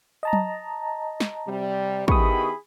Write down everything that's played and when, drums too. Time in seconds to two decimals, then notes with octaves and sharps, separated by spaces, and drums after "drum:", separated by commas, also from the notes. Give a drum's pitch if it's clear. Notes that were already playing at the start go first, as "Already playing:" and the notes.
0.23 D#5 A5 A#5
0.33 drum: tom F#3
1.20 drum: snare
1.47 C3 G3
2.08 D#3 B3 E4 G4 G#4 B5 C#6 D#6, drum: kick